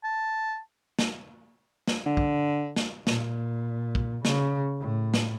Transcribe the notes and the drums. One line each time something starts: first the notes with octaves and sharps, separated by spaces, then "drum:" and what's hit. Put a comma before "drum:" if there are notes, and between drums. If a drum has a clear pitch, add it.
A5
drum: snare
drum: snare
D3
drum: kick
drum: snare
A#2, drum: snare
drum: kick
C#3, drum: snare
A2
drum: snare